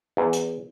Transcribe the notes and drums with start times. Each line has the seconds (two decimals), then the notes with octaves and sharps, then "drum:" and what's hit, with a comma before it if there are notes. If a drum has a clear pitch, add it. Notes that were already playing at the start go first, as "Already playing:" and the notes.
0.17 E2
0.33 drum: hi-hat